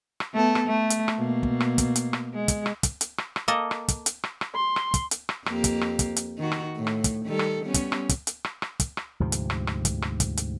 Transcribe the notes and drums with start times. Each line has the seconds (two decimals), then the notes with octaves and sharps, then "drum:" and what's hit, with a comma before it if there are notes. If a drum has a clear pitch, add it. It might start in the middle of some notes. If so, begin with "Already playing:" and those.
0.20 drum: rim click
0.33 A3 B3 A4
0.55 drum: rim click
0.67 A3
0.90 drum: hi-hat
1.08 drum: rim click
1.17 B2 A#3
1.43 drum: kick
1.60 drum: rim click
1.78 drum: kick, hi-hat
1.96 drum: hi-hat
2.13 drum: rim click
2.34 G#3
2.48 drum: kick, hi-hat
2.66 drum: rim click
2.83 drum: kick, hi-hat
3.01 drum: hi-hat
3.18 drum: rim click
3.36 drum: rim click
3.48 A#3 A4 D#5
3.71 drum: rim click
3.88 drum: kick, hi-hat
4.06 drum: hi-hat
4.24 drum: rim click
4.41 drum: rim click
4.55 C6
4.76 drum: rim click
4.94 drum: kick, hi-hat
5.11 drum: hi-hat
5.29 drum: rim click
5.46 F2 A#3 G4, drum: rim click
5.64 drum: kick, hi-hat
5.81 drum: rim click
5.99 drum: kick, hi-hat
6.16 drum: hi-hat
6.38 D#3 F#4
6.52 drum: rim click
6.76 A2
6.87 drum: rim click
7.04 drum: kick, hi-hat
7.26 D#3 G3 A4
7.39 drum: rim click
7.63 G3 B3 C#4
7.74 drum: kick, hi-hat
7.92 drum: rim click
8.09 drum: kick, hi-hat
8.27 drum: hi-hat
8.44 drum: rim click
8.62 drum: rim click
8.80 drum: kick, hi-hat
8.97 drum: rim click
9.20 D2 G#2 C3 F3
9.32 drum: hi-hat
9.50 drum: rim click
9.67 drum: rim click
9.85 drum: kick, hi-hat
10.02 drum: rim click
10.20 drum: kick, hi-hat
10.37 drum: hi-hat